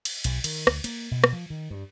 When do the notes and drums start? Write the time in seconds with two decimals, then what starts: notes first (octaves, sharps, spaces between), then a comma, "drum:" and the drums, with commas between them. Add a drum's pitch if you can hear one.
0.05 drum: cymbal
0.24 B1, drum: cymbal
0.44 D#3, drum: cymbal
0.67 D2, drum: rim click
0.84 A#3, drum: cymbal
1.11 B2
1.24 drum: rim click
1.33 F3
1.50 D#3
1.70 G2